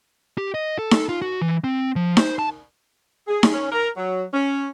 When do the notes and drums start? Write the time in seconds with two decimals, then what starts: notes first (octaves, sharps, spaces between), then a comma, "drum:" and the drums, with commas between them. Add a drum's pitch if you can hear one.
0.38 G4
0.54 D#5
0.79 A4
0.91 drum: snare D#4
1.09 F4
1.22 F#4
1.41 E3
1.64 C4
1.96 F3
2.17 C5, drum: snare D#4
2.39 A5
3.27 G#4
3.43 drum: snare D#4
3.53 C#4
3.71 A#4
3.96 F#3
4.33 C#4